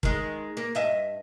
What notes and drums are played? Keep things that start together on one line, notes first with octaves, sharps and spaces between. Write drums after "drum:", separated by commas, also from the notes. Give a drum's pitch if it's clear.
D#3 G#3, drum: kick
A#3
G2 D#5 E5